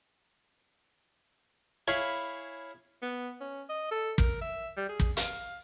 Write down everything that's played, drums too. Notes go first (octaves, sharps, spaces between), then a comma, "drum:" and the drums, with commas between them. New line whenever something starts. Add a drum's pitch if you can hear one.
E4 G#4 C#5 F5 B5
B3
C#4
D#5
A4
A#4, drum: kick
E5
G3
G#4
drum: kick
F5, drum: hi-hat